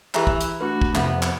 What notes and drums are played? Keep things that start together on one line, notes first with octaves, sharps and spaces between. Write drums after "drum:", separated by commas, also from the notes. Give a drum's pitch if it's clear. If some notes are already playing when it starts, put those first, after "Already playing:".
E3 G4 E5 A#5, drum: clap
drum: kick
drum: hi-hat
A3 D4 F#4 B4 B5
drum: kick
F2 C3 B3 E5 F#5, drum: clap
drum: clap